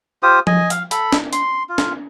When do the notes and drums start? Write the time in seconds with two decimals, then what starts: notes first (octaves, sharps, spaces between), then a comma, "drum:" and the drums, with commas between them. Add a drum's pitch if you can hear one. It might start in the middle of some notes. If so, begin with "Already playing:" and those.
0.23 F4 G4 C5 D#6
0.47 D#5 G#5, drum: tom F3
0.70 F5, drum: hi-hat
0.91 A4 B5, drum: hi-hat
1.12 drum: snare
1.33 C6, drum: hi-hat
1.69 F4
1.78 drum: snare